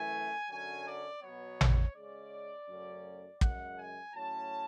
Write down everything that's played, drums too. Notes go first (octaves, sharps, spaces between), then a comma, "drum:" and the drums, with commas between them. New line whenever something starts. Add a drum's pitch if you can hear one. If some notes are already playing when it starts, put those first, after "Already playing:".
Already playing: F#2 E3 A3 G#5
F#2 D3 F#3 C#4 G#5
D5
B2 F#3 B3 C#5
drum: tom A1
C#3 G#3 C#4 D5
F#2 C#3 F#3 A3 C#4
F#2 C#3 G#3 F#5, drum: kick
G#5
A2 F#3 C#4 A5